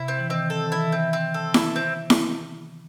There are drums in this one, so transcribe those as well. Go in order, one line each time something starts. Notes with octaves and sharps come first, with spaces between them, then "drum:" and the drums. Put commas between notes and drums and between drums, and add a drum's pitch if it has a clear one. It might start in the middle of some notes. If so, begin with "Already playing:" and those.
Already playing: C3 E4
C4
E3
D#3 C4
A4
D#3
E3 E4
C4
C4
A4
E4, drum: snare E4
C4
drum: snare E4